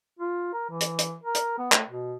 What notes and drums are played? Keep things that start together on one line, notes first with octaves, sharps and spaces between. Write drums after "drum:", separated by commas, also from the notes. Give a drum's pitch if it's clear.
F4
A#4
E3
drum: hi-hat
drum: hi-hat
A#4
drum: hi-hat
B3
A3, drum: clap
B2